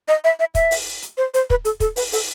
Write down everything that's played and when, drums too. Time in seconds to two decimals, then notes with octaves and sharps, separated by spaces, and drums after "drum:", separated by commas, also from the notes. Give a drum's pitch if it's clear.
0.08 D#5
0.24 E5
0.40 E5
0.55 E5, drum: kick, hi-hat
0.71 drum: open hi-hat
1.02 drum: hi-hat
1.18 C5
1.34 C5, drum: hi-hat
1.50 B4, drum: kick
1.65 A4, drum: hi-hat
1.80 A4, drum: kick, hi-hat
1.96 B4, drum: open hi-hat
2.12 A4, drum: open hi-hat